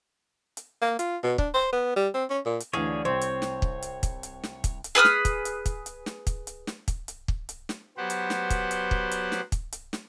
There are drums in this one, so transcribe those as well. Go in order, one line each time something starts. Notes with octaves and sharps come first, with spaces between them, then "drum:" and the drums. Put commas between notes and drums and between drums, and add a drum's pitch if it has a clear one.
drum: hi-hat
A#3
F4, drum: hi-hat
B2
D4, drum: kick
C5
B3
G3
C4
C#4
A#2
drum: hi-hat
D2 D3 E3 G#4 C#5 F5
C2 C4 C5 C#5
drum: hi-hat
drum: snare
drum: kick
drum: hi-hat
drum: kick, hi-hat
drum: hi-hat
drum: snare
drum: kick, hi-hat
drum: hi-hat
G#4 B4 D#6 F6
drum: snare
drum: kick, hi-hat
drum: hi-hat
drum: kick, hi-hat
drum: hi-hat
drum: snare
drum: kick, hi-hat
drum: hi-hat
drum: snare
drum: kick, hi-hat
drum: hi-hat
drum: kick
drum: hi-hat
drum: snare
F#3 B3 G4 C5 F#5
drum: hi-hat
drum: snare
drum: kick, hi-hat
drum: hi-hat
drum: kick
drum: hi-hat
drum: snare
drum: kick, hi-hat
drum: hi-hat
drum: snare